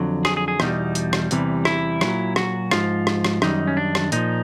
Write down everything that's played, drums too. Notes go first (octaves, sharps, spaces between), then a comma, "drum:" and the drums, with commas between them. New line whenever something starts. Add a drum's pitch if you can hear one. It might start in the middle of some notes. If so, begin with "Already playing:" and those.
Already playing: F2 D3 F#3
G#4, drum: rim click
G#4
G#4
E2 B2 G3 D#4, drum: rim click
drum: hi-hat
drum: rim click
E2 C3 E3 G3, drum: hi-hat
E4, drum: rim click
A#2 F#3, drum: rim click
F#4, drum: rim click
G#2 F3 F4, drum: rim click
drum: rim click
drum: rim click
F#2 D#3 G3 D#4, drum: rim click
C#4
D4
drum: rim click
A#2 F3 D#4, drum: hi-hat